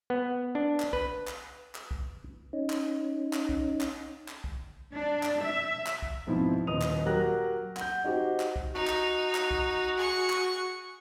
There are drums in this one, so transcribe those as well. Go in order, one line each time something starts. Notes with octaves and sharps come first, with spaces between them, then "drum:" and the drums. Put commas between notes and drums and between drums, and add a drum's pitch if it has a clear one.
B3
D4
drum: clap
B4, drum: kick
drum: clap
drum: clap
drum: kick
C#4 D#4
drum: clap
drum: clap
drum: kick
drum: clap
drum: clap
drum: kick
D4
drum: clap
E5
drum: clap
drum: kick
G#2 B2 F3 C4 E4
D#1 B4 D#5 D#6 D#7 F7
drum: clap
F#3 F#4 G4 A#4 F#6 A#6
F#5 G6, drum: clap
D#4 F#4 G4 C5
drum: clap
drum: kick
D#4 F#4
drum: clap
drum: clap
drum: kick
G#4 C#6
drum: clap